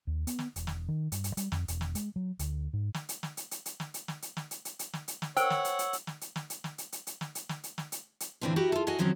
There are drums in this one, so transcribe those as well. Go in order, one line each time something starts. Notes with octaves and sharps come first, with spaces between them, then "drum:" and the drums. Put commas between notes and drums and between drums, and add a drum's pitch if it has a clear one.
D#2
B3, drum: hi-hat
drum: snare
E1, drum: hi-hat
drum: snare
D#3
G2, drum: hi-hat
drum: hi-hat
G3, drum: hi-hat
F2, drum: snare
E1, drum: hi-hat
drum: snare
G#3, drum: hi-hat
F#3
D2, drum: hi-hat
G#2
drum: snare
drum: hi-hat
drum: snare
drum: hi-hat
drum: hi-hat
drum: hi-hat
drum: snare
drum: hi-hat
drum: snare
drum: hi-hat
drum: snare
drum: hi-hat
drum: hi-hat
drum: hi-hat
drum: snare
drum: hi-hat
drum: snare
A#4 C5 C#5 F#5 G5 E6, drum: hi-hat
drum: snare
drum: hi-hat
drum: hi-hat
drum: hi-hat
drum: snare
drum: hi-hat
drum: snare
drum: hi-hat
drum: snare
drum: hi-hat
drum: hi-hat
drum: hi-hat
drum: snare
drum: hi-hat
drum: snare
drum: hi-hat
drum: snare
drum: hi-hat
drum: hi-hat
A2 D3 E3 C4 D4 F4
E4 F#4 G4 A#4
F4 A4
F#4 D#5 F5 F#5 G#5
D#3 F3 F#3 C4 C#4